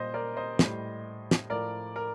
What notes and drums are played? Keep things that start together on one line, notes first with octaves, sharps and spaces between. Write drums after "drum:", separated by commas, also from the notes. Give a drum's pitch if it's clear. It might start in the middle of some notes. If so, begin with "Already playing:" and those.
Already playing: A#2 G3 C5 D#5
A#4 D5
C5 D#5
A2 G3, drum: snare
drum: snare
A2 F3 A#4 D5
A#4